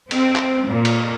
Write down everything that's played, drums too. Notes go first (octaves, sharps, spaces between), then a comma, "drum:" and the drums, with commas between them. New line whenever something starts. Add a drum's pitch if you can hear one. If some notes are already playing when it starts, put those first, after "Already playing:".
C4, drum: cymbal
drum: clap
A#2
drum: cymbal